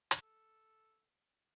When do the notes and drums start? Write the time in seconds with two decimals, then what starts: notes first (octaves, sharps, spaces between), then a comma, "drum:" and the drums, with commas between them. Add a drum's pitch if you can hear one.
0.11 drum: hi-hat
0.22 A4